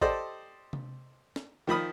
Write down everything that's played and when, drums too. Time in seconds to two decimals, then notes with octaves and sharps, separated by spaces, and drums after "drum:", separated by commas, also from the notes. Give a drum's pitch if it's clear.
0.01 G4 A4 C5 D5 D#5, drum: kick G#1
0.73 drum: tom C3
1.36 drum: snare
1.67 D#3 F3 B5 D#6